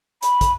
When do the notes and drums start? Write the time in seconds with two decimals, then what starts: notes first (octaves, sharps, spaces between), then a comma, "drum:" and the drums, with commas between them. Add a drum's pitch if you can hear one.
0.23 B5, drum: hi-hat
0.41 drum: kick, hi-hat